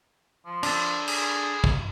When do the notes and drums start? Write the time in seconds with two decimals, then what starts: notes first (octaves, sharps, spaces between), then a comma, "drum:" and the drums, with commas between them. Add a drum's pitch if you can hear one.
0.46 F3
0.63 D4 A4, drum: cymbal
1.08 G#4, drum: cymbal
1.64 drum: kick